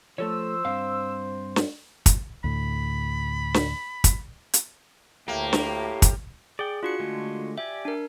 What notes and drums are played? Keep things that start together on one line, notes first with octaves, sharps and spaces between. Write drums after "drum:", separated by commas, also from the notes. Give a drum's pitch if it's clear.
F3 A3 A4 C5 C#5 E6
G2 C4 F5
drum: snare
drum: kick, hi-hat
D2 A2 B5
drum: snare
drum: kick, hi-hat
drum: hi-hat
D2 A2 A3 A#3 G4 G5
drum: snare
drum: kick, hi-hat
G#4 D5 G5
D4 F4 F#4 C#7
D3 G#3 A3
G4 D5 E5 G#5
D4 A#4